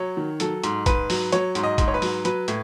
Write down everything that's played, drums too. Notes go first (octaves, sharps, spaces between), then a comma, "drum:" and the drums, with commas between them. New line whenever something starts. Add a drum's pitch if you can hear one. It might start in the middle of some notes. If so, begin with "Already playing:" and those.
Already playing: F#3 C#5
D#3
F#3 A4, drum: hi-hat
G#2, drum: hi-hat
G#2 B4, drum: kick, hi-hat
F#3, drum: open hi-hat
F#3 C#5, drum: hi-hat
G#2, drum: hi-hat
D#5
G#2, drum: kick, hi-hat
C#5
B4
F#3, drum: open hi-hat
F#3 B4, drum: hi-hat
A2, drum: hi-hat